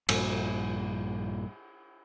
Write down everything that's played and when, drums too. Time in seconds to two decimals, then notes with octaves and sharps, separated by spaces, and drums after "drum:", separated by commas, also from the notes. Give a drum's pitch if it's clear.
0.09 A#1 G2 A#2, drum: cymbal